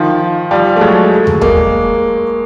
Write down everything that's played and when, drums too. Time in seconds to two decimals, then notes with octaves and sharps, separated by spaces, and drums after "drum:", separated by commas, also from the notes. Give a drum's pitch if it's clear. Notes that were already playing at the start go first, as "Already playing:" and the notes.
Already playing: D#3 F3
0.51 F3 G3
0.76 A3
0.81 F#3 G#3
1.27 drum: tom D#2
1.41 G#3 A#3, drum: kick